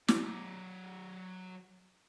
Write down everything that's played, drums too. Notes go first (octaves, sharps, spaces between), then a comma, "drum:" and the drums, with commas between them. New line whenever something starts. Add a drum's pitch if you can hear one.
F#3 D5, drum: snare